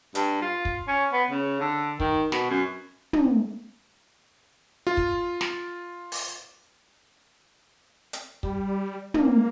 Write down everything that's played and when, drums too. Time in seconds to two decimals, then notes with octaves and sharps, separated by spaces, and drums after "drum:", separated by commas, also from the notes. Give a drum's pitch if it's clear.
0.15 G2, drum: hi-hat
0.42 F4
0.65 drum: kick
0.88 C#4
1.13 B3
1.30 C#3
1.60 D3
2.00 D#3, drum: kick
2.32 B2, drum: snare
2.50 F#2
3.13 drum: tom
4.87 F4
4.97 drum: kick
5.41 drum: snare
6.12 drum: open hi-hat
8.13 drum: hi-hat
8.43 G3, drum: kick
9.14 A#3, drum: tom